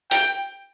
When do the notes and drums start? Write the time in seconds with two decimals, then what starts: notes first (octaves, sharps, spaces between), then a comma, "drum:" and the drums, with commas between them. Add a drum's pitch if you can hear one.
0.11 G5, drum: hi-hat